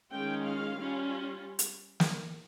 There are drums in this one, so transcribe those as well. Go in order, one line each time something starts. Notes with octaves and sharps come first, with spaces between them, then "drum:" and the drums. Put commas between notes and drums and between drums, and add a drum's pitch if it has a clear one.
D#3 G#3 C#4 F4 G5
F5
G3 C#4 F4
drum: hi-hat
drum: snare